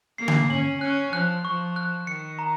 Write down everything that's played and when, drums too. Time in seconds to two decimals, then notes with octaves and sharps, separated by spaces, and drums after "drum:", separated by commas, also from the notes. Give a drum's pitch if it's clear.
0.18 A#3 C7
0.28 drum: tom D3
0.50 C#4 F#7
0.81 C#4 F#6
1.13 F3 F#6
1.44 F3 C#6
1.76 F#6
2.07 D#3 C#7
2.39 A#5